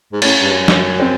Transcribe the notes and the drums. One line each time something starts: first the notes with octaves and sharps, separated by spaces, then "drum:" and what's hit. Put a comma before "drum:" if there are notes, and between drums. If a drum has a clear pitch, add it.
G#2
A2 C#4, drum: cymbal
G2
F#2
drum: snare
C4